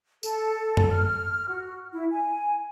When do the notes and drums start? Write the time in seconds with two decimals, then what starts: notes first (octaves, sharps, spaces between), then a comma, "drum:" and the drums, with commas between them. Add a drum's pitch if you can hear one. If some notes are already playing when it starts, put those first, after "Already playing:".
0.23 A4, drum: tambourine
0.77 drum: tom F#2
0.91 F6
1.49 F#4
1.92 E4
2.11 G#5